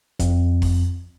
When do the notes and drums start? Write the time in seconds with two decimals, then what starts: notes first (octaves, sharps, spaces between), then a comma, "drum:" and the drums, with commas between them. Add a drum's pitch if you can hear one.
0.20 F2, drum: kick F1, hi-hat
0.62 drum: kick F1, open hi-hat